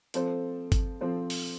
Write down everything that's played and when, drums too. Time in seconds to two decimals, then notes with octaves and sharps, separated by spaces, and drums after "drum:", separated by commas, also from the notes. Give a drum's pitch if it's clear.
0.14 F3 C4 A4 C5, drum: hi-hat
0.72 drum: kick G1, hi-hat
1.01 F3 C4 A4 C5
1.30 drum: open hi-hat